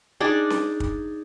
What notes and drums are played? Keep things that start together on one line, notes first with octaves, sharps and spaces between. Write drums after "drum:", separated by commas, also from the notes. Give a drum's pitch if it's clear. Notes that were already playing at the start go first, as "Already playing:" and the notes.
D4 D#4 G#4 D5
drum: snare C#4
drum: kick